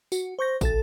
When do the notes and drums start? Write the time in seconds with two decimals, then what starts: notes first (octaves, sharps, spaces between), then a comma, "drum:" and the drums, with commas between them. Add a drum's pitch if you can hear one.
0.12 F#4, drum: tambourine
0.39 C5 C#6 G6 A#6
0.61 B1 A4 A6, drum: kick, tambourine